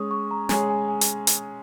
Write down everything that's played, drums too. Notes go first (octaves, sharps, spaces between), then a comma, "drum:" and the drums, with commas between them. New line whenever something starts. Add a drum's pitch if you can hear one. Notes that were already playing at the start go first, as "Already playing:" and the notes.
Already playing: G#3 C#4 G#4 C#6 D#6
C#6
A#5
G#3 C#4 G#4 G#5, drum: snare
G#5
G#5
drum: hi-hat
drum: hi-hat